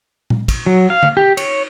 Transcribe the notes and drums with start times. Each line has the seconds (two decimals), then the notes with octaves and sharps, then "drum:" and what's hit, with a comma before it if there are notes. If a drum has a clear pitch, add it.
0.30 drum: tom A#2
0.48 drum: kick, cymbal
0.66 F#3
0.90 F5
1.03 drum: tom D3
1.17 G4
1.37 C#5, drum: cymbal